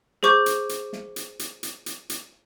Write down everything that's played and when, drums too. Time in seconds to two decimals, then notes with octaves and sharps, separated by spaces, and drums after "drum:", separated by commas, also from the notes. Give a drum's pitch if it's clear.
0.23 G#4 C5 C#6 D6 G6, drum: snare
0.46 drum: hi-hat
0.69 drum: hi-hat
0.93 drum: snare
1.16 drum: hi-hat
1.39 drum: hi-hat
1.63 drum: hi-hat
1.86 drum: hi-hat
2.10 drum: hi-hat